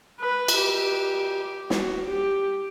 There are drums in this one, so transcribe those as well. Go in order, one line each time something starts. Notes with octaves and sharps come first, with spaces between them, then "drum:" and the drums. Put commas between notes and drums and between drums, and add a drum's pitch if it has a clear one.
B4
drum: cymbal
G4
F#4, drum: snare
G4